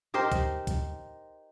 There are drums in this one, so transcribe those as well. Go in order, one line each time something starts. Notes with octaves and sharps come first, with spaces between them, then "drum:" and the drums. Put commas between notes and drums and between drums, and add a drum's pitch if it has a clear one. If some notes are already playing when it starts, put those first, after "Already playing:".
D#4 G4 A#4 C5
drum: kick, hi-hat
drum: kick, hi-hat